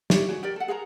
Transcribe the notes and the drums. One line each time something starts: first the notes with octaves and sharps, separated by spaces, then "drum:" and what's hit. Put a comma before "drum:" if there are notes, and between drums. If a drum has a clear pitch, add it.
E4 G4 C#5 D5, drum: snare
F#4 G#4 F#5
G4 A#4 D5
A4 F#5
G#4 A#4 F#5 A#5